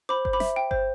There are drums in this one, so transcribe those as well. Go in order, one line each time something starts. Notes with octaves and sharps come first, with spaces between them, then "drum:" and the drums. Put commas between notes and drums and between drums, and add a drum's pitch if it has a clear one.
C5 B5 D6
C5, drum: kick G1
B5 D6
E5, drum: snare
G5
C5, drum: kick G1